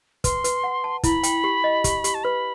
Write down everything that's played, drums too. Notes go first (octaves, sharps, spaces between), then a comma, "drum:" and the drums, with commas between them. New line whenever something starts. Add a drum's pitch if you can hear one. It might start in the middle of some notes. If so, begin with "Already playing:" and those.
B4 C6, drum: kick, hi-hat
B4, drum: hi-hat
F#5
A5
E4 B5, drum: kick, hi-hat
G5, drum: hi-hat
G4
D#5
G4, drum: kick, hi-hat
G4, drum: hi-hat
A5
B4 B5